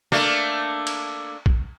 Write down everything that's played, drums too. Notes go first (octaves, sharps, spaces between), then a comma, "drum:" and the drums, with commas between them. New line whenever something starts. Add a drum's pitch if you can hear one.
A3 A#3 D4, drum: snare
drum: cymbal
drum: kick